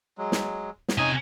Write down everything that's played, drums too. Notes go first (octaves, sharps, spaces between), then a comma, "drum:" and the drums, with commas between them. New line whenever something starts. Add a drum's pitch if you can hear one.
F#3 G#3
drum: snare
drum: snare
C3 C#4 D#4 G#5 D#6